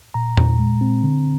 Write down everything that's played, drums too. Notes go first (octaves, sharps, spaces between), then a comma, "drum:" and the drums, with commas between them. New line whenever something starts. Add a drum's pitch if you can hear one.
A#2 A#5
A#2, drum: tom E2
G#3
C4
D3